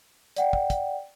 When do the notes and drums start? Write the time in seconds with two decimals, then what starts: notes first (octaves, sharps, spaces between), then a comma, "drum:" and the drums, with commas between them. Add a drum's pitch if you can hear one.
0.36 D5 F#5 G5, drum: hi-hat
0.53 drum: kick
0.70 drum: kick, hi-hat